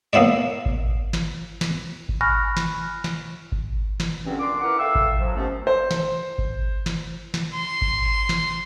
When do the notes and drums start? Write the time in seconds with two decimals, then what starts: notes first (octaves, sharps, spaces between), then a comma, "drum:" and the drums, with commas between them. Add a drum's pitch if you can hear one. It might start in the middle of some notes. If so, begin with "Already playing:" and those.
0.13 A#3 B3 E4 C#5 D5
0.66 drum: kick G#1
1.13 drum: snare
1.61 drum: snare
2.09 drum: kick G#1
2.21 G#5 B5 C#6 F6 F#6 A#6
2.57 drum: snare
3.04 drum: snare
3.52 drum: kick G#1
4.00 drum: snare
4.25 E2 G2 D3 C4 C#4
4.40 A#2 D4 C6 D6
4.61 E4 A#4 B4 F#5 D6
4.79 A3 E5 F5 G5 E6
4.95 drum: kick G#1
5.19 F3 F#3
5.36 D#2 C3 F3 A3 B3 C#4
5.67 C5
5.91 drum: snare
6.38 drum: kick G#1
6.86 drum: snare
7.34 drum: snare
7.55 C6
7.82 drum: kick G#1
8.29 drum: snare